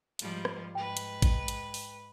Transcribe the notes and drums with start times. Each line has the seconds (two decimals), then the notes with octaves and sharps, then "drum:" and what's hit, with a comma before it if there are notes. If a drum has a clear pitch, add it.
0.19 G#2 F3 G3, drum: hi-hat
0.45 drum: rim click
0.75 G#2 B4 G5
0.97 drum: hi-hat
1.22 drum: kick, hi-hat
1.48 drum: hi-hat
1.74 drum: open hi-hat